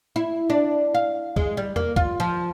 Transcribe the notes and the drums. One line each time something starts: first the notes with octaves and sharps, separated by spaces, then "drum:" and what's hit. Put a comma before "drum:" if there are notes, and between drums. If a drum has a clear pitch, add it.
E4
D4
F5
G#3, drum: kick
G3
A#3, drum: tom E2
F4, drum: kick
F3